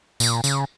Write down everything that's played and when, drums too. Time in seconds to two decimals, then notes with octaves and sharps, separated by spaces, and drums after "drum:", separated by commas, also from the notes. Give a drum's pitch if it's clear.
0.20 A#2, drum: tambourine
0.44 C#3, drum: tambourine